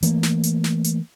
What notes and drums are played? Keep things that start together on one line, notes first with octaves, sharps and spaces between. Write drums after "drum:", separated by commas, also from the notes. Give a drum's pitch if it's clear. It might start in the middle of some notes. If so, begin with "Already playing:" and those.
E3 A3 A#3, drum: hi-hat
drum: snare
drum: hi-hat
drum: snare
drum: hi-hat